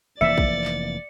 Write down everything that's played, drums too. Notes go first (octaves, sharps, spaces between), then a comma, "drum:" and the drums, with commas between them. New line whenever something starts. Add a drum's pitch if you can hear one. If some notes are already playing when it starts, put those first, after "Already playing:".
F1 E3 A#3 D5 E5 A6 C#7
drum: kick
drum: clap